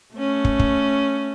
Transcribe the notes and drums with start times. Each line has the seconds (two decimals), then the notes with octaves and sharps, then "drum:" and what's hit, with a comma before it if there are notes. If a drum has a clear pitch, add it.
0.15 A3 C#4
0.45 drum: kick
0.59 drum: kick